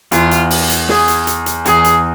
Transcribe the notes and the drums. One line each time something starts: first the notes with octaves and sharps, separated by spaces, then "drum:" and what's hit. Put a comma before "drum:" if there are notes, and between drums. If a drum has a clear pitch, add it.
E2 F4, drum: hi-hat
drum: hi-hat
drum: open hi-hat
drum: hi-hat
G#4, drum: snare
drum: hi-hat
drum: hi-hat
drum: hi-hat
E2 G#4, drum: hi-hat
drum: hi-hat